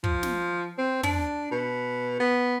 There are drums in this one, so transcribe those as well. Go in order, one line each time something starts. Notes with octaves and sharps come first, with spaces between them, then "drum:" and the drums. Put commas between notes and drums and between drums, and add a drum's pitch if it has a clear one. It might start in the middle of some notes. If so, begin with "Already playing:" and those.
F3, drum: kick
drum: snare
C4
D4, drum: tom
B2
B3